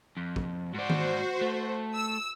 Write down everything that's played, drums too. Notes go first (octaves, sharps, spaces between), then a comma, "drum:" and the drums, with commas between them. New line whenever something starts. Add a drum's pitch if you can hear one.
F2
drum: kick
G#2 F#4 C5 D5
drum: tom D#3
A3
E6